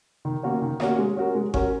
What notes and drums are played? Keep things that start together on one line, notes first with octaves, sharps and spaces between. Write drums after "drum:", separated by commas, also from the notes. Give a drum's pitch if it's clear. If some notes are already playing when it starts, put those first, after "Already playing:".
D#3
A#3 C#4 F#4 C#5
D#3
A#3 C#4 F#4 C#5, drum: rim click
G#3
C#4 F#4 A#4
G#3
C#4 F#4 A#4, drum: kick G1